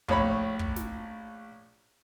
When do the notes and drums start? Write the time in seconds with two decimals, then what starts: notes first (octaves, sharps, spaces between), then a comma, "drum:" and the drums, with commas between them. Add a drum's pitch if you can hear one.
0.08 A#1 A2 C#5 B5, drum: kick
0.59 drum: kick
0.76 drum: snare